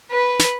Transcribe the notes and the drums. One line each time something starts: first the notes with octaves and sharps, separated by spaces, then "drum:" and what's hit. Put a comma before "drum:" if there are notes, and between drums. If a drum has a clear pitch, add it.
B4
drum: snare